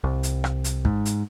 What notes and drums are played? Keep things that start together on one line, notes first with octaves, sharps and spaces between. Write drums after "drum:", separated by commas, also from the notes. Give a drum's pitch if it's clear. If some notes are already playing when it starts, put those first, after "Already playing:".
C2
drum: hi-hat
drum: rim click
drum: hi-hat
G#2, drum: kick
drum: hi-hat